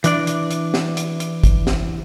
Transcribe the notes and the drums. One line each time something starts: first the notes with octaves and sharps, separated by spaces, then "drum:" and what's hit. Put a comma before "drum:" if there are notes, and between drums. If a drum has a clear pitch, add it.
E3 D4 D5, drum: hi-hat
drum: hi-hat
drum: hi-hat
drum: snare
drum: hi-hat
drum: hi-hat
drum: kick, hi-hat
drum: snare